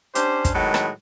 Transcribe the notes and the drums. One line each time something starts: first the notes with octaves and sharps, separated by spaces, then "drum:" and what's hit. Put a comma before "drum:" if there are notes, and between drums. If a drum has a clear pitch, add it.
C#4 D4 G4 C5, drum: hi-hat
drum: kick, hi-hat
A2 D#3 F#3 G#3 B3
drum: rim click